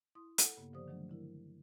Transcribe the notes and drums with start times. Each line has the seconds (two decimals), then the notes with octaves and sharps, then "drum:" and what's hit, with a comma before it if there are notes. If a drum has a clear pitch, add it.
0.15 E4 C6 D#6
0.38 A4 F#5, drum: hi-hat
0.57 G2 C#3 A#3 B3
0.73 D3 F3 G4 C5 D5 D#6
0.88 D#3 F3 F#3 A3 D4
1.09 D3 E4 A#4